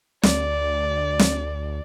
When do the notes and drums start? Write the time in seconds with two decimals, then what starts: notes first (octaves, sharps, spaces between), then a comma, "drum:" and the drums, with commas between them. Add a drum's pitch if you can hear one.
0.23 D2 D5, drum: snare
1.19 drum: snare